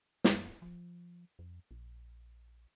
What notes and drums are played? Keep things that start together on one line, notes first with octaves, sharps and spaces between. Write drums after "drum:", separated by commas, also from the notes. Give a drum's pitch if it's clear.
F#2, drum: snare
F3
F2
A#1